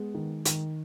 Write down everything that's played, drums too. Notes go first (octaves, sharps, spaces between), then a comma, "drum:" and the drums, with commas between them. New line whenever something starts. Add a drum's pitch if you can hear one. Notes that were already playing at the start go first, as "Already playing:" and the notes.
Already playing: G#3 B3
D#3
D#3, drum: hi-hat